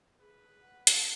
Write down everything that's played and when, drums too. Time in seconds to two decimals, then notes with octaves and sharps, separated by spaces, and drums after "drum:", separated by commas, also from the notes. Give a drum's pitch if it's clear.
0.20 G#4 B4
0.61 F#5
0.87 drum: hi-hat